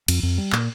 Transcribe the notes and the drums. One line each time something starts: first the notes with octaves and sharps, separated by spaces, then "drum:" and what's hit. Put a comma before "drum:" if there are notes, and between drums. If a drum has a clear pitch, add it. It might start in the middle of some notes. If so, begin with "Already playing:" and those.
F2, drum: cymbal
F2
G3
A#2, drum: clap